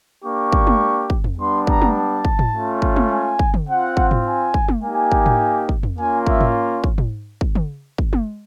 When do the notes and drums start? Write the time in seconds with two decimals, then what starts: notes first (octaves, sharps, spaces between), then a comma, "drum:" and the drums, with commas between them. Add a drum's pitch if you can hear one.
0.24 A#3 D4 G4 C#6
0.52 drum: kick
0.67 drum: tom
1.10 drum: kick
1.24 drum: tom
1.38 G3 B3 D4 C6
1.67 A#5, drum: kick
1.82 drum: tom
1.96 A5
2.25 drum: kick
2.39 drum: tom
2.53 A3 C#4 F4
2.82 drum: kick
2.96 drum: tom
3.10 G#5
3.39 drum: kick
3.54 drum: tom
3.68 C4 F4 F#5
3.97 drum: kick
4.11 drum: tom
4.26 G#5
4.54 drum: kick
4.68 drum: tom
4.82 A#3 D#4 G4 G#5
5.12 drum: kick
5.26 drum: tom
5.69 drum: kick
5.83 drum: tom
5.97 A#3 C#4 F4 G#5
6.27 E5, drum: kick
6.41 drum: tom
6.84 drum: kick
6.98 drum: tom
7.41 drum: kick
7.55 drum: tom
7.98 drum: kick
8.13 drum: tom